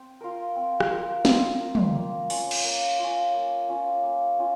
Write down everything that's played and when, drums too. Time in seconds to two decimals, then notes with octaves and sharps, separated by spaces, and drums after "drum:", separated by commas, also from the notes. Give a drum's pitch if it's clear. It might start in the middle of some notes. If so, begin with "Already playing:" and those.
Already playing: C4
0.21 F4 A#4
0.56 C4
0.80 drum: rim click
0.90 F4 A#4
1.25 C4, drum: snare
1.60 F4 A#4
1.75 drum: tom
1.95 A#3
2.30 C#4 F4, drum: open hi-hat
2.51 drum: cymbal
2.64 A#3
2.99 C#4 F4
3.34 A#3
3.69 C#4 F4
4.04 A#3
4.39 C#4 F4